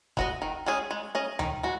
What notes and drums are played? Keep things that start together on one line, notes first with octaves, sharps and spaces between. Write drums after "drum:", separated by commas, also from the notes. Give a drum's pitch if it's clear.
G#3 F#4 D#5, drum: kick F#1
D#3
G#3 C#4 G#4
G#3
C#4 G#4 D#5
D#3, drum: tom D2
G#3 F#4